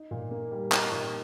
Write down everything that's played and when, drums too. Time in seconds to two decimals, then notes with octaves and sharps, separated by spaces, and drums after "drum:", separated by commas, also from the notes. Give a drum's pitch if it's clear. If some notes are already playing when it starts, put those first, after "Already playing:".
Already playing: D#4
0.11 A#2
0.31 A#3
0.51 G3
0.72 D#4, drum: clap
0.92 A#2